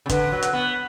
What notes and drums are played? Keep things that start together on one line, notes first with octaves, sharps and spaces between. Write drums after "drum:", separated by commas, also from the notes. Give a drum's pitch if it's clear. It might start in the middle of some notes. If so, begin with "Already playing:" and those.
C#3
D3 B4, drum: kick, hi-hat
F#3
drum: hi-hat
B3